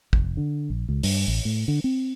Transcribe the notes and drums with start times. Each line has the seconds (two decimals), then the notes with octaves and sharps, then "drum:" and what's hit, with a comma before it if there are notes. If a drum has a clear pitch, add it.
0.13 F1, drum: kick
0.37 D3
0.70 A#1
0.89 C#2
1.03 G2, drum: open hi-hat
1.28 A1
1.45 A2
1.68 D3
1.84 C4